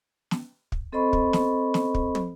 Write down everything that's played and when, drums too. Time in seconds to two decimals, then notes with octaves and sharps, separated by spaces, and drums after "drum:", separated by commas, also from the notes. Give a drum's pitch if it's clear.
0.31 drum: snare
0.72 drum: kick
0.92 C4 A4 C5 D#5 B5 C#6
1.13 drum: kick
1.33 drum: snare
1.74 drum: snare
1.94 drum: kick
2.15 drum: tom